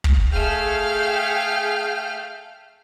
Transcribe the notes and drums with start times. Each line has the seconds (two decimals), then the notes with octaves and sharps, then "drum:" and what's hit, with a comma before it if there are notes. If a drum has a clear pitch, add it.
0.04 drum: kick
0.32 A3 G#4 F5 G5 F6